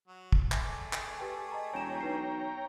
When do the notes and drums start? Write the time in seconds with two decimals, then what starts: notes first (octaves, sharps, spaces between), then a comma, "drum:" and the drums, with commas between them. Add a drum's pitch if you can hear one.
0.08 F#3
0.32 drum: kick
0.52 A3 G#4 D5, drum: clap
0.93 drum: clap
1.19 G4 B4 G5
1.52 D#5 G5 A#5
1.73 E1 C#5 G5 A#5 D7 E7
2.01 B1 B4 C7